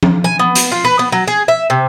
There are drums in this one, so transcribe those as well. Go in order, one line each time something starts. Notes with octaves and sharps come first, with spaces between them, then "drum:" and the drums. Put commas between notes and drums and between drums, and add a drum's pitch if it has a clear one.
drum: tom F3
G#5
B3
drum: hi-hat
F4
B4
B3
F#3
G#4
E5
C3